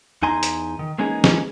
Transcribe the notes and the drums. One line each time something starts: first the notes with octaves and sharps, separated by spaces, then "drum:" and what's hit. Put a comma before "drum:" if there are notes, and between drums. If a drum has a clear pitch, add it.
E2 D#4 G#5 A#5 C6
drum: hi-hat
D#3
E3 G#3 A#3 C#4 D#4 G#4
drum: snare